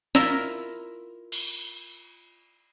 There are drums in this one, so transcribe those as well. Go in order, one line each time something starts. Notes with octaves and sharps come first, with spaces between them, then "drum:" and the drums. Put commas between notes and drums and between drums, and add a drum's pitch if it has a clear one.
E4 F4 A#4 D#5 E5, drum: snare
drum: cymbal